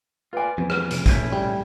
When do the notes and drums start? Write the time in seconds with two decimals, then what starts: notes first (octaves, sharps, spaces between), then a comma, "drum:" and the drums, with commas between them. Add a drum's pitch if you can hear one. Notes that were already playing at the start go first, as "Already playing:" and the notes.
0.33 F4 B4 D5 G#5
0.58 F2 E3 B3
0.70 drum: rim click
0.91 C#3, drum: hi-hat
1.06 A#1 A3 C#4 E4 G6, drum: kick, hi-hat
1.33 G3